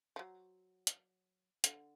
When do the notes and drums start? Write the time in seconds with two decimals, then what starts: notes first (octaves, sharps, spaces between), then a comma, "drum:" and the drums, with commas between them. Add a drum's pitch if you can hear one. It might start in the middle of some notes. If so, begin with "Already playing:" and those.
0.16 F3
0.19 F#3
0.87 drum: hi-hat
1.64 D3, drum: hi-hat